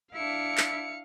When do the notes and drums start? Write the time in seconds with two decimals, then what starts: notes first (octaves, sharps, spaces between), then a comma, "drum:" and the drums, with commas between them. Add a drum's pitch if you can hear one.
0.14 D4 E4 F5 C#7
0.58 drum: clap